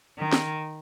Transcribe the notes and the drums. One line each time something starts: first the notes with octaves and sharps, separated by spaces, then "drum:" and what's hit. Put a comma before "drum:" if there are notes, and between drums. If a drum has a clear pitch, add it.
D#3
drum: snare